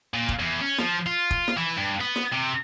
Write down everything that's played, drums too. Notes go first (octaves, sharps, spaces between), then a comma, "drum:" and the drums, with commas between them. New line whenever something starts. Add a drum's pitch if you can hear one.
A#2
drum: kick
E2
C#4
F3, drum: snare
F4
drum: kick
drum: snare
E3
G2
B3
drum: snare
C3